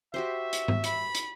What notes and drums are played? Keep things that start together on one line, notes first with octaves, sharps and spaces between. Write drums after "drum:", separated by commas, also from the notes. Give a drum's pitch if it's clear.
F#4 G4 C5 E5
drum: hi-hat
drum: tom G#2
B5, drum: hi-hat
drum: hi-hat